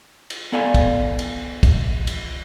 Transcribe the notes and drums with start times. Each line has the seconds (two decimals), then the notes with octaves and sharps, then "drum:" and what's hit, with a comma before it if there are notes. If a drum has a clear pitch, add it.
0.30 drum: cymbal
0.52 B3 A4 D5 F5 G#5
0.74 drum: kick, cymbal
1.19 drum: cymbal
1.63 drum: kick, cymbal
2.07 drum: cymbal